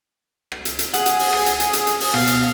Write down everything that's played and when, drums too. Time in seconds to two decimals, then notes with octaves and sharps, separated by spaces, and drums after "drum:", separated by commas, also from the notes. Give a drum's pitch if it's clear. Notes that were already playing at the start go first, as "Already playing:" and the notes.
0.52 drum: rim click
0.65 drum: hi-hat
0.79 drum: hi-hat
0.94 G#4 F#5 D#6, drum: hi-hat
1.06 drum: hi-hat
1.19 drum: open hi-hat
1.33 drum: rim click
1.46 drum: hi-hat
1.60 drum: hi-hat
1.73 drum: hi-hat
1.87 drum: hi-hat
2.00 drum: open hi-hat
2.14 B2 F5, drum: rim click
2.27 drum: hi-hat